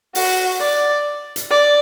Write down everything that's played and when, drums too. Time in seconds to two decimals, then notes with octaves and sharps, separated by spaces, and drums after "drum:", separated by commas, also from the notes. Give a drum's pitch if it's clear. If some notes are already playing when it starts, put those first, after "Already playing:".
0.15 F#4, drum: open hi-hat
0.60 D5
1.36 drum: hi-hat
1.51 D5